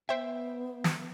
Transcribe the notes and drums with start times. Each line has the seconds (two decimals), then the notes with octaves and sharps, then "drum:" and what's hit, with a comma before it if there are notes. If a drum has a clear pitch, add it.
0.09 B3 C5 E5 G5
0.84 drum: snare